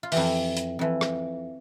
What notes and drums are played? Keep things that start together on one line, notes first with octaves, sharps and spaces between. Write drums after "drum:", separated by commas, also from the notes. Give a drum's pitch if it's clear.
F4
F2 E3 G4, drum: open hi-hat
drum: hi-hat
F2 E3
drum: rim click